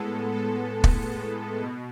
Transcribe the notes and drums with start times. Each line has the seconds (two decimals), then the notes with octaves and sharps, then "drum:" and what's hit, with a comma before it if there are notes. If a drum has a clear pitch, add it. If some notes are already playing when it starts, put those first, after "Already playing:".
Already playing: A2 G#3 B3 A4
0.32 A4
0.84 drum: kick
1.61 B2